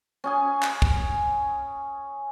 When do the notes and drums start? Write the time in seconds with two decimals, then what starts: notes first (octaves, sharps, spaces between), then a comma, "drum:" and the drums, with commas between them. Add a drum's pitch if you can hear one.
0.24 C#4 G#4 G#5
0.63 drum: clap
0.82 drum: kick